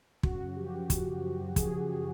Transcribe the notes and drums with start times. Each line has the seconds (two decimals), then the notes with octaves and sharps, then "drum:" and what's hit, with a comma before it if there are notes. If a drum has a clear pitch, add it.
0.23 C#3 F#4, drum: kick
0.39 F#2
0.57 F3 G4
0.73 F#2
0.90 C#3, drum: kick, hi-hat
1.07 F#2
1.22 F3
1.40 F#2
1.56 C#3 G#4, drum: kick, hi-hat
1.72 F#2
1.90 F3